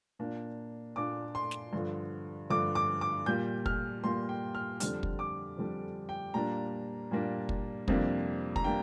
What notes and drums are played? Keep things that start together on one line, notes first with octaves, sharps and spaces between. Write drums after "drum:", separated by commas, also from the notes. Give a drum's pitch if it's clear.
A#2 A#3 D4
A#2 A#3 D4 D6
C6
drum: snare
G2 D3 F3
G2 D3 F3 D6
D6
D6
A#2 G3 A#3 G6
F6, drum: kick
A#2 G3 A#3 C6
G5
F6
F2 D3 G3 D4 F6, drum: hi-hat
drum: kick
D6
F2 D3 G3 D4
G5
A#2 G3 A#3 D4 A#5
A#2 G3 A#3 D4
drum: kick
F2 C3 G3 A#3 D4, drum: kick
A#5, drum: kick
G3 A#3 D4 G5